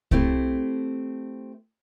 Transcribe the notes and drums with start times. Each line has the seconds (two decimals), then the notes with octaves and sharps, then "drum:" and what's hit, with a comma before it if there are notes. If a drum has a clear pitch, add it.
0.11 A3 C4 E4 G4 A4, drum: kick C2